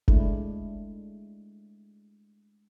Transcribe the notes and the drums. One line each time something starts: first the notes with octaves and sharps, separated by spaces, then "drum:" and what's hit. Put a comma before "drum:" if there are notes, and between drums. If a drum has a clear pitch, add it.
G#3 A3 D4 E4, drum: kick F#1